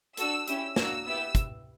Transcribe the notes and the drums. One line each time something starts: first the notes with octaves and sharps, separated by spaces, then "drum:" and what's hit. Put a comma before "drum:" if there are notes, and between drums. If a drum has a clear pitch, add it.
D4 F#4 A4 E6, drum: hi-hat
C#4 E4 G4 E6, drum: hi-hat
A#3 D4 F#4 E6, drum: snare
B3 E4 G4 E6
drum: kick, hi-hat